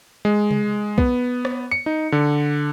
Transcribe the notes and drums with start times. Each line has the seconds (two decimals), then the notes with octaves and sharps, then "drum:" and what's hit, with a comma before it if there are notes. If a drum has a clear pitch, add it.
0.25 G#3
0.51 drum: tom C3
0.98 B3, drum: kick
1.45 drum: rim click
1.72 C#7
1.86 D#4
2.12 D3